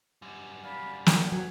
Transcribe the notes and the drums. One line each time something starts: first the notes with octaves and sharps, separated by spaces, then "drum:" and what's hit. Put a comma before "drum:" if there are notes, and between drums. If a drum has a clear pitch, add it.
F#2 G3
D5 F5 B5
B4 G5 G#5, drum: snare
F#3